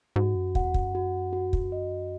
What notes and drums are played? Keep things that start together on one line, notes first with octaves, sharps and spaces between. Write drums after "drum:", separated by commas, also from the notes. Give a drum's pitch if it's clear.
G#2 F#4
F#2
E2 F#5, drum: kick
F#2, drum: kick
F#4
F#4
drum: kick
D#5